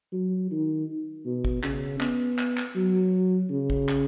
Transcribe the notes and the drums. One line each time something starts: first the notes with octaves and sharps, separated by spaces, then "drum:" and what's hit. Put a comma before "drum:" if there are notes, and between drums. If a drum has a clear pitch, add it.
F#3
D#3
B2
drum: kick
C#3, drum: clap
B3, drum: clap
drum: clap
drum: clap
F#3
C#3
drum: kick
drum: clap